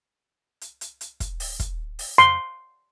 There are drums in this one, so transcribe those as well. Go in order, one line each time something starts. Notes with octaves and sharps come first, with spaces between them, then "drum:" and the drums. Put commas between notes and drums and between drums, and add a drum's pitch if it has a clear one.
drum: hi-hat
drum: hi-hat
drum: hi-hat
drum: kick, hi-hat
drum: open hi-hat
drum: kick, hi-hat
drum: open hi-hat
C6, drum: tom F2